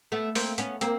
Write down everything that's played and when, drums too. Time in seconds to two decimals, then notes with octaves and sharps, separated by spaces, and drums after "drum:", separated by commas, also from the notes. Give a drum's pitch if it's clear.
0.12 A3 B3
0.35 A#3 C4, drum: open hi-hat
0.58 B3 C#4, drum: hi-hat
0.81 A#3 C4, drum: hi-hat